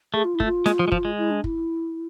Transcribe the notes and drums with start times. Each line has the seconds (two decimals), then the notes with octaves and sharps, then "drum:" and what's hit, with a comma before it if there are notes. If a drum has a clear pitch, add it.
0.14 A3 G#4
0.24 F4
0.35 E4
0.40 A3, drum: kick F#1
0.45 F4
0.66 G#3, drum: snare
0.79 F3
0.88 G#3
0.92 F3, drum: kick F#1
1.05 G#3
1.18 E4
1.31 D4
1.44 E4, drum: kick F#1